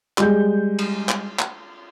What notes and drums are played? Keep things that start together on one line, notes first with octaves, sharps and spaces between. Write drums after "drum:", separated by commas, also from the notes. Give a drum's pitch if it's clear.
G3 G#3 G6, drum: clap
drum: cymbal
drum: clap
drum: clap